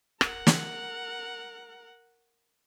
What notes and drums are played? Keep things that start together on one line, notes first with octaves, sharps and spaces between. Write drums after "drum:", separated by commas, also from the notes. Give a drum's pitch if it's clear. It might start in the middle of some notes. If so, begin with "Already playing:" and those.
A#4 F#5, drum: rim click
drum: snare